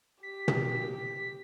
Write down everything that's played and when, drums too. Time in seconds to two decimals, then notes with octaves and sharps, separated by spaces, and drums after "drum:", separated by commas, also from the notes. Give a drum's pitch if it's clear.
0.23 G4 B6
0.48 drum: tom